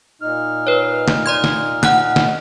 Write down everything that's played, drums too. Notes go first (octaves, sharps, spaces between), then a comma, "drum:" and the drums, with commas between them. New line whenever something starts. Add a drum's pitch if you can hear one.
A#2 D#4 F6
B4 C#5
drum: snare
D5 C6 G#6
drum: snare
F#5 F#6, drum: snare
drum: snare